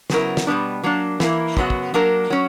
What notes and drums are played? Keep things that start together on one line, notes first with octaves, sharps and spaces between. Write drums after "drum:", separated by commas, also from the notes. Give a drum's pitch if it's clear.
C#3 F#3 B3 E4 A#4, drum: snare
drum: snare
B2 G3 B3 D4
F#3 A#3 D4
E3 A#3 E4 A#4, drum: snare
F#2 C#3 F#3 B3 F#4, drum: kick
drum: kick
F#3 A#3 D4 A#4
F#3 C#4